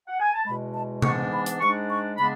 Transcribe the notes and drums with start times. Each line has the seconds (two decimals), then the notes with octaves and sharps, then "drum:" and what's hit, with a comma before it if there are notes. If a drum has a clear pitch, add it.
0.07 F#5
0.20 G#5
0.33 A5
0.46 E2 B2 G#3 B5
0.74 A5
1.02 G#2 E3 G#3 B3 D4 C#6, drum: tom C3
1.31 B5
1.46 drum: hi-hat
1.60 G#2 G#3 D4 C#6
1.89 C#6
2.17 C#3 G#3 B3 D4 B5